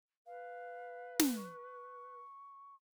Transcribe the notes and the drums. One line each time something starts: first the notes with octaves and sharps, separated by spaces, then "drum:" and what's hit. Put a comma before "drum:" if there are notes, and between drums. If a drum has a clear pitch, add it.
B4 F5
drum: snare
C#6